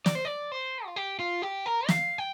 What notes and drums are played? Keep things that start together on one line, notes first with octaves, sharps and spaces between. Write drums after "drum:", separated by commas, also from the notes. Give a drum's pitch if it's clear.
D5, drum: snare
C5
D5
C5
F4
G4
F4
G4
A#4
F5, drum: snare
G5